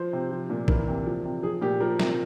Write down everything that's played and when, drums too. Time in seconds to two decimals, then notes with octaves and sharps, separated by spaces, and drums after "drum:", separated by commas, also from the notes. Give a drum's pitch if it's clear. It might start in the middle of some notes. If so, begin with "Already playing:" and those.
Already playing: F3 C5
0.13 C3
0.31 F3
0.50 A#2
0.68 E3 A#4, drum: kick
0.87 C3
1.06 F3
1.25 C3
1.43 F3 G#4
1.61 A#2 G4
1.80 F3 A#4
2.00 C3, drum: snare